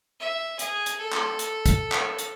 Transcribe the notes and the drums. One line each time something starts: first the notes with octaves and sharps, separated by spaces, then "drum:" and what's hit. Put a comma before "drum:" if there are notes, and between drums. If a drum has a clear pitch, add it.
E5
G#4, drum: hi-hat
drum: hi-hat
A4
drum: clap
drum: hi-hat
drum: kick, hi-hat
drum: clap
drum: hi-hat